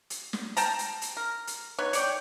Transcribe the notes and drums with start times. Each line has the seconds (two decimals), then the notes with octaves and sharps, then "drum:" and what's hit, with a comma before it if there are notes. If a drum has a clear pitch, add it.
0.10 drum: hi-hat
0.33 drum: snare
0.57 G5 A5 A#5, drum: hi-hat
0.79 drum: hi-hat
1.02 drum: hi-hat
1.17 A#4
1.47 drum: hi-hat
1.79 B3 D#4 C#5
1.93 C#5 D5 G5, drum: hi-hat